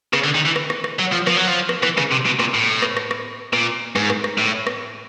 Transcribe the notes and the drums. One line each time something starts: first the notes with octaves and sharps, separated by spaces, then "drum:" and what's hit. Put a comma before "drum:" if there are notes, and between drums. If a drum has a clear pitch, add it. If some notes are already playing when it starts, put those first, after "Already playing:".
C#3, drum: rim click
D3
D#3
E3
drum: rim click
drum: rim click
drum: rim click
F#3
F3
F3, drum: rim click
F#3
F3
drum: rim click
E3, drum: rim click
C#3, drum: rim click
C3
B2
A#2, drum: rim click
A2
drum: rim click
drum: rim click
drum: rim click
A#2, drum: rim click
G#2, drum: rim click
drum: rim click
drum: rim click
A2
drum: rim click